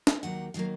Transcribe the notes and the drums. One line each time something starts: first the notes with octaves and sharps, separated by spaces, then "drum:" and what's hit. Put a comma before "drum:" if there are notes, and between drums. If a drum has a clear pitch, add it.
drum: snare
D#2 D#3 F#3 A#3 F#5
D#3 F#3 A#3 F5